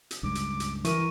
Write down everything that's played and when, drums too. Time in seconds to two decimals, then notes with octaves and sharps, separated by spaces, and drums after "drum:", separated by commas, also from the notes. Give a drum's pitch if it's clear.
0.11 drum: hi-hat
0.23 C#2 G2 D6
0.35 drum: hi-hat
0.60 drum: hi-hat
0.85 E3 A#4 C#6 D#7, drum: hi-hat